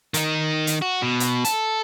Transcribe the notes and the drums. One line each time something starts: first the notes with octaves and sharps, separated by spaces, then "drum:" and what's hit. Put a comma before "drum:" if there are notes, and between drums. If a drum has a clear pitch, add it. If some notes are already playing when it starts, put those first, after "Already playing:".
D#3 D#4, drum: hi-hat
drum: hi-hat
F#4
B2
drum: hi-hat
A4, drum: hi-hat